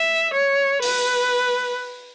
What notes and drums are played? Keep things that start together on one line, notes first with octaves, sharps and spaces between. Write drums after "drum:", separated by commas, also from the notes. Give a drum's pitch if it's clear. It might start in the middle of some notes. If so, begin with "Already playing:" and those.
Already playing: E5
C#5
B4, drum: open hi-hat